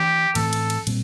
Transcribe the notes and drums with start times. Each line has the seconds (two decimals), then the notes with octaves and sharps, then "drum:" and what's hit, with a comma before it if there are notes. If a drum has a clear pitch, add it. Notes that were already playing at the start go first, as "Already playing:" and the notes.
Already playing: E3 D4 G4
0.35 A2 E3 A3 C4 A4, drum: cymbal
0.53 drum: cymbal
0.70 drum: cymbal
0.87 A#2 G3 C4, drum: cymbal